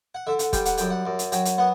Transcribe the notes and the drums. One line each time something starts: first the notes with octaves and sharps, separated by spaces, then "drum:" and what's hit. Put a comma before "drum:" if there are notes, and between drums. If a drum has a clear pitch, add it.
F#5
D3 E5
F#5, drum: hi-hat
G3 G5, drum: kick E1, hi-hat
F#5, drum: hi-hat
F#2 G5, drum: hi-hat
F#5
F#2
drum: hi-hat
F#3 G5, drum: hi-hat
drum: hi-hat
B3 F#5